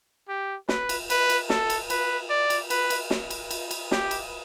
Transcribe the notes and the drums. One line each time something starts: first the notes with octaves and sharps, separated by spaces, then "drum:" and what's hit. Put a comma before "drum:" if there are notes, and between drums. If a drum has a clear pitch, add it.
G4
B4, drum: snare
drum: cymbal
B4, drum: cymbal
drum: cymbal
A4, drum: snare
drum: cymbal
B4, drum: cymbal
D5
drum: cymbal
B4, drum: cymbal
drum: cymbal
drum: snare
drum: cymbal
drum: cymbal
drum: cymbal
G4, drum: snare
drum: cymbal